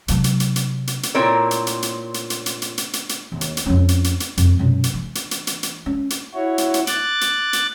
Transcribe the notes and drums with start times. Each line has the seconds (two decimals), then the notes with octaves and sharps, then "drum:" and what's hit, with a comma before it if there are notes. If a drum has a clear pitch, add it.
0.08 C3 F#3, drum: hi-hat
0.24 drum: hi-hat
0.40 drum: hi-hat
0.56 drum: hi-hat
0.87 drum: hi-hat
1.03 drum: hi-hat
1.15 A#2 C4 E4 A#4 C#5
1.51 drum: hi-hat
1.67 drum: hi-hat
1.82 drum: hi-hat
2.14 drum: hi-hat
2.30 drum: hi-hat
2.46 drum: hi-hat
2.62 drum: hi-hat
2.78 drum: hi-hat
2.93 drum: hi-hat
3.09 drum: hi-hat
3.32 D#2
3.41 drum: hi-hat
3.57 drum: hi-hat
3.66 F2 C#4
3.89 drum: hi-hat
4.04 drum: hi-hat
4.20 drum: hi-hat
4.37 F2, drum: hi-hat
4.59 F#2 B2
4.84 drum: hi-hat
4.94 E3
5.15 drum: hi-hat
5.31 drum: hi-hat
5.47 drum: hi-hat
5.63 drum: hi-hat
5.86 C#4
6.10 drum: hi-hat
6.34 E4 F#4 C#5
6.58 drum: hi-hat
6.74 drum: hi-hat
6.87 D6 F#6 A6, drum: hi-hat
7.21 drum: hi-hat
7.53 drum: hi-hat